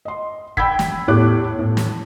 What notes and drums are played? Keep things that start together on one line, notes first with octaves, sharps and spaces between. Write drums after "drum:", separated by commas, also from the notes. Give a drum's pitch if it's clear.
D#5 C6
G5 B5 E6 G#6 B6, drum: kick
drum: snare
E2 A2 G4 C#5 D6 F#6
A2
drum: snare